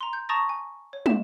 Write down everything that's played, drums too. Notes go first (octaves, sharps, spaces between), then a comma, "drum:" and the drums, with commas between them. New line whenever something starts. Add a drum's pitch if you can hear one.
A#5 C6
G6
A5 A#5 C#6 D#6 A6 A#6
G#5
C#5
E5 E7, drum: tom